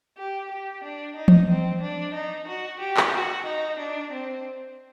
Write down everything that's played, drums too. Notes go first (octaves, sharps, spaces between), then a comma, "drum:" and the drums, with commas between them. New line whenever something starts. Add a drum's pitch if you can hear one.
G4
G4
D4
D#4
drum: tom E3
C4
D4
D#4
F#4
G4
drum: clap
F#4
D#4
D4
C4